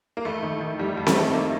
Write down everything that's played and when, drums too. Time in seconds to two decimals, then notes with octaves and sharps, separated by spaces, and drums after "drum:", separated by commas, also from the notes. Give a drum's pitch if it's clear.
0.17 A#3
0.25 F2 A3
0.43 D#3
0.60 D#3
0.79 F2 G3
0.97 F2
1.07 A3, drum: snare C4
1.16 D#3
1.34 D#3 A#3